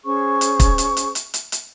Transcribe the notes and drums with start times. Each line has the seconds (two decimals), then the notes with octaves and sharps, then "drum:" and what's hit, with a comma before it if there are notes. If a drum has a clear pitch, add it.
0.04 C#4 G#4 C5 C#6
0.41 drum: hi-hat
0.60 drum: kick, hi-hat
0.78 drum: hi-hat
0.97 drum: hi-hat
1.15 drum: hi-hat
1.34 drum: hi-hat
1.52 drum: hi-hat